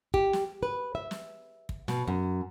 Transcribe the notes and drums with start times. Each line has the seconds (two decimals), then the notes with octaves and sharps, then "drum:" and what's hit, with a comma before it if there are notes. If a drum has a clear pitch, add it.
0.14 G4, drum: kick
0.33 drum: snare
0.63 B4
0.95 E5
1.11 drum: snare
1.69 drum: kick
1.88 B2, drum: snare
2.08 F#2